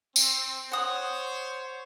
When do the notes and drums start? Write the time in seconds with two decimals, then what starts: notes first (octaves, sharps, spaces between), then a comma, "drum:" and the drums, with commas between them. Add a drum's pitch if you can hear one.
0.16 C4, drum: tambourine
0.72 C5 C#5 F#5 D#6